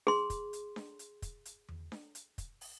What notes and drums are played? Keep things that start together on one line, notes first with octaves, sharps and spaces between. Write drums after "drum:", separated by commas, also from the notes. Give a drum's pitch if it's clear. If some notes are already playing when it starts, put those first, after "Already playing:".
G#4 C6, drum: snare D4
drum: kick, hi-hat
drum: hi-hat
drum: snare D4
drum: hi-hat
drum: kick, hi-hat
drum: hi-hat
drum: tom E2
drum: snare D4
drum: hi-hat
drum: kick, hi-hat
drum: open hi-hat